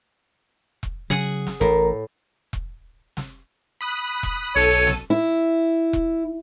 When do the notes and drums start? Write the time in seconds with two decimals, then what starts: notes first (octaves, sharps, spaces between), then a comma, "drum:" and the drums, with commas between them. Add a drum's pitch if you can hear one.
0.83 drum: kick E1
1.10 C#3 F#3 G#4 F#5 G#5
1.47 drum: snare
1.61 A1 A2 A#4
2.53 drum: kick E1
3.17 drum: snare
3.81 B5 D#6 F#6
4.23 drum: kick E1
4.56 B1 A4 C#5 D#7
4.87 drum: snare
5.10 E4
5.93 drum: kick E1